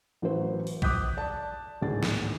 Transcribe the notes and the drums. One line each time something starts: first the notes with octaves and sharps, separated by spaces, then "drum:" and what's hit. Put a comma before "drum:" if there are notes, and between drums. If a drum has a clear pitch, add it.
A1 E3 F#3 B4 C5
drum: open hi-hat
D6 D#6 F#6 G6 B6, drum: kick A1
D5 A5
G#1 C#2 A2 D3 G#4 A6
drum: snare